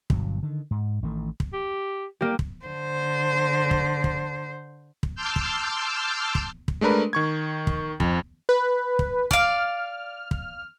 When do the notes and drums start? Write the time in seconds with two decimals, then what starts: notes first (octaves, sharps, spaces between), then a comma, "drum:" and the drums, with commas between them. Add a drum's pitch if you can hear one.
0.10 G1 G2 B2 F#3, drum: kick
0.43 D3 D#3
0.71 G#2
1.03 A1 D#3 A3
1.40 drum: kick
1.53 G4
2.21 A#3 G4
2.39 drum: kick
2.65 D3 C5
3.71 drum: kick
4.04 drum: kick
5.03 drum: kick
5.15 A5 C6 D6 E6 F6 G6
5.36 drum: kick
6.35 drum: kick
6.68 drum: kick
6.81 G#3 A3 D4 A#4 B4
7.13 D#3 C#6 G#6
7.67 drum: kick
8.00 F2, drum: kick
8.49 B4
8.99 drum: kick
9.31 D5 F5 F6, drum: kick
10.31 drum: kick